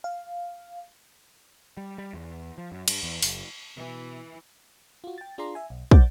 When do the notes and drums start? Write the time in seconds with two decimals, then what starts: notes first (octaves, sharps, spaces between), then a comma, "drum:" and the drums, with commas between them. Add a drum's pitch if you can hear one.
0.04 F5
1.77 G3
1.98 G3
2.13 E2
2.58 F3
2.72 F#2
2.88 G2, drum: cymbal
3.03 E2
3.22 F#1, drum: open hi-hat
3.77 B2 E3
5.04 F4 F#4
5.18 G5 A6
5.38 D4 F4 G#4 D5 A#5 C6
5.55 E5 G#5
5.70 B1
5.91 C5 D5 F#5 D6 G6 A6, drum: kick